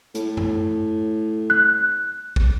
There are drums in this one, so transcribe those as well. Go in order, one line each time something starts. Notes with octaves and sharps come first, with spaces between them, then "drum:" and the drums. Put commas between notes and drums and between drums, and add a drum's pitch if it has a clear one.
A2, drum: hi-hat
drum: tom F#2
F#6
drum: kick